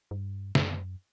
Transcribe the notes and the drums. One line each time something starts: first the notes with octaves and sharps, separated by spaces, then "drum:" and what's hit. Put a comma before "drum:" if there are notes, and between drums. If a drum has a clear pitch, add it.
G2
F#2, drum: snare